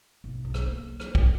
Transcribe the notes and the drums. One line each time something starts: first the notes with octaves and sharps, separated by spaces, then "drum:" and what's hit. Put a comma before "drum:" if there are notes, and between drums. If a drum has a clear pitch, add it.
B1
B1
drum: rim click
A#3
drum: rim click
drum: kick